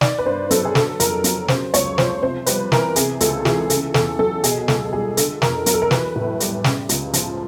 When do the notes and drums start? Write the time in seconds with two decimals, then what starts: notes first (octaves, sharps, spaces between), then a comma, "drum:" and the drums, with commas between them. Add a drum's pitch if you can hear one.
0.01 D#3 D5, drum: snare
0.19 B4
0.26 G2 C5
0.51 F#3 A4, drum: hi-hat
0.65 G#4
0.75 D3 A4, drum: snare
1.00 F2 A#4, drum: hi-hat
1.24 F#3, drum: hi-hat
1.48 C#3 C5, drum: snare
1.74 C#2 C#5, drum: hi-hat
1.98 F3 C5, drum: snare
2.22 C3 C5
2.46 G3 B4, drum: hi-hat
2.72 E3 A#4, drum: snare
2.96 C3 G#4, drum: hi-hat
3.20 C#2 A4, drum: hi-hat
3.45 E3 G#4, drum: snare
3.70 C#3 A4, drum: hi-hat
3.94 E2 A4, drum: snare
4.19 F#3 A4
4.44 B2 G#4, drum: hi-hat
4.68 C#2 A4, drum: snare
4.93 G3 G#4
5.17 D3 A4, drum: hi-hat
5.42 F2 A#4, drum: snare
5.66 F#3 A#4, drum: hi-hat
5.74 A4
5.82 A#4
5.91 E3 B4, drum: snare
6.16 A2
6.40 G3, drum: hi-hat
6.64 C#3, drum: snare
6.89 C#2, drum: hi-hat
7.13 F3, drum: hi-hat